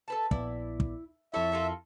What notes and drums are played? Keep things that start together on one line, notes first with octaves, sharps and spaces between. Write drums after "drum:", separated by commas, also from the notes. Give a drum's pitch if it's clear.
A4 B4 A5
A#1 B3 E4 D5, drum: kick
drum: kick
F2 E4 A4 C#5 E5
F4 A4 A#4